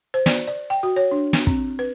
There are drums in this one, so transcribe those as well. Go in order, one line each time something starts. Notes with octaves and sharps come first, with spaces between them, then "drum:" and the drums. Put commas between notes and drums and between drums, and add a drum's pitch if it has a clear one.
C5
D5, drum: snare
D5
G5
F#4
C#5
D4
drum: snare
C4, drum: kick
B4